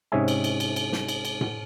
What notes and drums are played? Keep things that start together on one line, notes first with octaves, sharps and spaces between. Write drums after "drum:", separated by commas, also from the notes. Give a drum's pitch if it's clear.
G#2 C3 C#4 G#4 E5 G#5
drum: cymbal
drum: cymbal
drum: cymbal
drum: cymbal
drum: snare
drum: cymbal
drum: cymbal
drum: tom A2